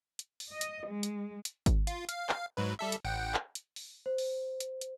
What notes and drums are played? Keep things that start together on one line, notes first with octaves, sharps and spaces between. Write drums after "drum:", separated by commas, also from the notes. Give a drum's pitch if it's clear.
drum: hi-hat
drum: open hi-hat
D#5
drum: hi-hat
G#3
drum: hi-hat
drum: hi-hat
drum: kick G#1, hi-hat
F4, drum: hi-hat
F5, drum: hi-hat
drum: clap
G#2 F#3 B4
G3 A4 E5
drum: hi-hat
A1 F#5 G5
drum: clap
drum: hi-hat
drum: open hi-hat
C5
drum: open hi-hat
drum: hi-hat
drum: hi-hat